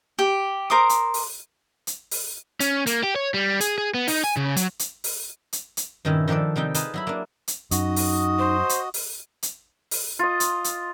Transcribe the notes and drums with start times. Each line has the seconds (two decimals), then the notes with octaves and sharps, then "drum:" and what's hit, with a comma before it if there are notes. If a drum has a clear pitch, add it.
0.19 G4
0.70 A#4 C5 D6 D#6
0.89 drum: hi-hat
1.14 drum: open hi-hat
1.87 drum: hi-hat
2.11 drum: open hi-hat
2.60 C#4, drum: hi-hat
2.87 A#3, drum: hi-hat
3.04 G4
3.16 C#5
3.34 G3
3.60 G#4, drum: hi-hat
3.78 G#4
3.94 B3
4.08 D#4, drum: open hi-hat
4.24 G#5
4.37 C#3
4.57 F#3, drum: hi-hat
4.79 drum: hi-hat
5.04 drum: open hi-hat
5.53 drum: hi-hat
5.77 drum: hi-hat
6.05 G2 A#2 D#3 C#4 E4
6.28 D#3 F3 D4 A4 D5
6.56 C3 G3 D#4 G5
6.74 D#4 F4 G#4 B4 A5 B5, drum: hi-hat
6.94 F#3 E4 B5
7.07 A#3 D4
7.48 drum: hi-hat
7.71 F#2 D#4 F#4 D#5 D#6, drum: hi-hat
7.96 drum: open hi-hat
8.38 C5
8.69 drum: hi-hat
8.94 drum: open hi-hat
9.43 drum: hi-hat
9.91 drum: open hi-hat
10.19 F4 D#5
10.40 drum: hi-hat
10.64 drum: hi-hat